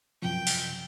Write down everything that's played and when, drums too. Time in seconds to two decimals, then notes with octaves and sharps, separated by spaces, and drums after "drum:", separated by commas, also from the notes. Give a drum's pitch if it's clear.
0.22 F#2 C3 F3 G5
0.47 drum: open hi-hat